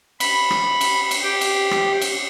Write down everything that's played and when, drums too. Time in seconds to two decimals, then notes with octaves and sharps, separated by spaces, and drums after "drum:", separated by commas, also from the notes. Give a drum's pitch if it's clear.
0.20 B5, drum: cymbal
0.50 drum: rim click
0.81 drum: cymbal
1.11 drum: cymbal
1.23 G4
1.41 drum: cymbal
1.71 drum: rim click
2.01 drum: cymbal